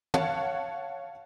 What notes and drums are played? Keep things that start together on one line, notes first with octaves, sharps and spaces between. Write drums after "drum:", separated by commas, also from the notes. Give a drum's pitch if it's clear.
C#5 F5 F#5 A5, drum: tom